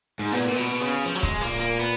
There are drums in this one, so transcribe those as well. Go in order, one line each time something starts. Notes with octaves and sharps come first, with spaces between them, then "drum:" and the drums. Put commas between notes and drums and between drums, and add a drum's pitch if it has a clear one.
G#2
A#2 B3, drum: open hi-hat
A#2
B2
B3
C#3
F3
F#3
G#3, drum: kick C#1
A#2 A#3
A#3
B3